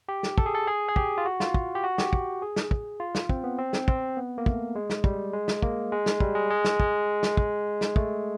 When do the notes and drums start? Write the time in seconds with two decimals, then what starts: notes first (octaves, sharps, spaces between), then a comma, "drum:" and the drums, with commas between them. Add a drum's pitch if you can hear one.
0.09 G4
0.23 drum: snare
0.38 A4, drum: kick
0.46 G#4
0.55 A4
0.67 G#4
0.89 G#4
0.96 G4, drum: kick
1.18 F4
1.26 F#4
1.40 F4, drum: snare
1.54 drum: kick
1.75 G4
1.84 F#4
1.98 G4, drum: snare
2.13 drum: kick
2.42 G#4
2.56 drum: snare
2.71 drum: kick
3.00 F4
3.15 drum: snare
3.29 C4, drum: kick
3.44 B3
3.58 C4
3.73 drum: snare
3.88 C4, drum: kick
4.17 B3
4.38 A#3
4.46 A3, drum: kick
4.75 G#3
4.90 drum: snare
5.04 G3, drum: kick
5.33 G#3
5.48 drum: snare
5.62 A#3, drum: kick
5.92 G#3
6.06 drum: snare
6.20 G3, drum: kick
6.35 G#3
6.50 G#3
6.65 drum: snare
6.80 G#3, drum: kick
7.23 drum: snare
7.37 drum: kick
7.81 drum: snare
7.96 A3, drum: kick